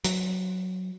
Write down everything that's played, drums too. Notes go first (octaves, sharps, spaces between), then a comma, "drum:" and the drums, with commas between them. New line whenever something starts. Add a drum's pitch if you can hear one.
F#3, drum: hi-hat